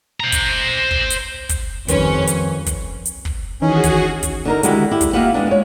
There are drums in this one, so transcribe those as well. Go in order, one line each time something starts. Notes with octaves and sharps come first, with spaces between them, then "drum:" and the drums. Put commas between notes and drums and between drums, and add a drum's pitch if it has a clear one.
C5 A#5
drum: kick, hi-hat
drum: kick
drum: hi-hat
drum: kick, hi-hat
F2 D#3 G3 C#4 B4, drum: kick, hi-hat
drum: hi-hat
drum: kick, hi-hat
drum: hi-hat
drum: kick
D#3 E3 C#4 D#4 F#4 G#4
drum: kick, hi-hat
drum: kick, hi-hat
D3 D#4 A#4
D3 D#3 G#3 E4 F#4 G4, drum: hi-hat
E4 G4
drum: kick, hi-hat
A#3 D#4 F4 G4 E5 F#5
G#3 B3 D4
G#3 C#5